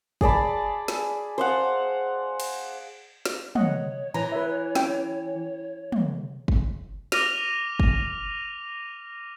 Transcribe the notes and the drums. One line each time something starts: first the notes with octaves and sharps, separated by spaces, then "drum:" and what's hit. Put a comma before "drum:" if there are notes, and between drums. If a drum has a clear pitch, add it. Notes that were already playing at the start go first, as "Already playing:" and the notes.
G#4 D5 A5 B5, drum: kick
drum: snare
C5 F5 F#5
drum: cymbal
drum: snare
C#5 D#5 F#5, drum: tom
E3 A#5
B4 E5
C#4 G5, drum: snare
drum: tom
drum: kick
D6 F6 A#6 D#7 F7, drum: snare
drum: kick